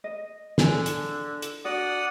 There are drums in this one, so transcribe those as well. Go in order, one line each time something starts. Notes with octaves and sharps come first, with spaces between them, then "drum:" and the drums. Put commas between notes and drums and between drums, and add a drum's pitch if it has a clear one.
D#5
D3 G#4 A4 G#5, drum: snare
drum: hi-hat
drum: hi-hat
D4 F#4 D5 F#5 D#6